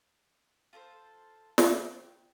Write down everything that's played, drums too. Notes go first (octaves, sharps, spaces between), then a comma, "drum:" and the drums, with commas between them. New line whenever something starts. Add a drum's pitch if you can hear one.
F4 A4 A#4 C5
G5, drum: snare